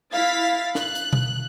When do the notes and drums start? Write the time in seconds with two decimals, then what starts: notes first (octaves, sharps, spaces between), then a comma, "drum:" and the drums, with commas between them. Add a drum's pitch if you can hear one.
0.12 E4 F5 A6 B6
0.75 F#6, drum: snare
0.95 drum: hi-hat
1.13 drum: tom B2